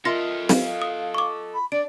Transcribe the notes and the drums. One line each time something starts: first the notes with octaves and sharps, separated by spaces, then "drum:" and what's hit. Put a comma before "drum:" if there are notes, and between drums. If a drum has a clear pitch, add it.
F4 A4 A#4 D#5 E5 A#6
F5, drum: snare
D#6
C#6 D6
B5
D4 D5 D7